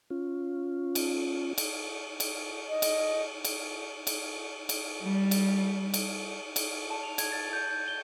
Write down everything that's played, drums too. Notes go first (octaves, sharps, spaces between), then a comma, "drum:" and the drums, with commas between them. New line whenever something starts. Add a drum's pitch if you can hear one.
C#4 F4
drum: cymbal
drum: cymbal
drum: cymbal
D#5
drum: cymbal
drum: cymbal
drum: cymbal
drum: cymbal
G3
drum: cymbal
drum: cymbal
drum: cymbal
A5
F7
G#6, drum: cymbal
A6
G6
G6
G7